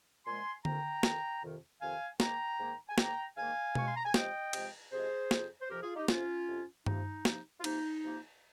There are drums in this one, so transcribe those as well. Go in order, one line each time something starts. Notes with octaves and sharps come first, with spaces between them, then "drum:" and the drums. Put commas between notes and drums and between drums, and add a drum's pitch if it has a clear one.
A#2 F3 G#3 G#5 C6
F2 C3 D#3 G5 A#5, drum: tom D3
F2 C3 D#3, drum: snare
F2 C3 D#3
F2 C3 D#3 F5 G#5
G#2 D#3 A#3 G5 A#5, drum: snare
G#2 D#3 A#3
G#5
G#2 D#3 A#3 G5 A#5, drum: snare
G#2 D#3 A#3 F5 G#5
C3 F3 G#3 C#6, drum: tom B2
C6
A#5
G#5
C3 F3 G#3 D#5 G5, drum: snare
C3 F3 G#3, drum: cymbal
C3 F3 G#3 G#4 C5
F2 C3 F3, drum: snare
C5
F2 C3 F3 G4 A#4
F4 G#4
D#4 G4
F2 C3 F3 C#4 F4, drum: snare
F2 C3 F3
C3 F3 A#3 D#4, drum: tom G2
C3 F3 A#3, drum: snare
F4
C3 F3 A#3 D#4, drum: cymbal
C3 F3 A#3